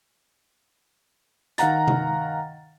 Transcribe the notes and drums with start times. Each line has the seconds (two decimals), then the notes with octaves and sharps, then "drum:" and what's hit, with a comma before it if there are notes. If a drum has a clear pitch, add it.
1.58 D#3 F5 F#5 A#5 A6, drum: hi-hat
1.88 drum: tom C3